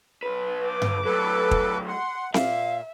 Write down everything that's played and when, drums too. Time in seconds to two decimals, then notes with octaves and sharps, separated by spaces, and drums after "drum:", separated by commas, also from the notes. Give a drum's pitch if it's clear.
0.23 B1 B4
0.66 D6
0.82 drum: tom G2
1.05 F#3 A3 A4 B4
1.51 drum: kick
1.88 F#5 C6
2.34 A#2 E5 F5, drum: snare C4